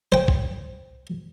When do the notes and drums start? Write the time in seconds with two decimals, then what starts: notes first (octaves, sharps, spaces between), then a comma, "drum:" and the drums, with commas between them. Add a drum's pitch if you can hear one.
0.12 C5 G5
0.28 drum: kick